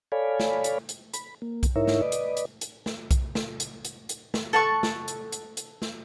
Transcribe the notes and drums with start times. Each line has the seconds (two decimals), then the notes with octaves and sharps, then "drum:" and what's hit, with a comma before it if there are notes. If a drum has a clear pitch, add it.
0.12 A4 C#5 D5 F5 G#5 B5
0.40 drum: snare
0.64 drum: hi-hat
0.89 drum: hi-hat
1.13 B5, drum: hi-hat
1.42 A#3
1.63 drum: kick B1, hi-hat
1.76 G#2 D#4 E4 A#4 C#5 E5
1.87 drum: snare
2.02 B4 D5 D#5
2.12 drum: hi-hat
2.37 drum: hi-hat
2.61 drum: hi-hat
2.86 drum: snare
3.11 drum: kick B1, hi-hat
3.35 drum: snare
3.60 drum: hi-hat
3.85 drum: hi-hat
4.09 drum: hi-hat
4.34 drum: snare
4.53 A4 F#5 C#6
4.83 drum: snare
5.08 drum: hi-hat
5.32 drum: hi-hat
5.57 drum: hi-hat
5.82 drum: snare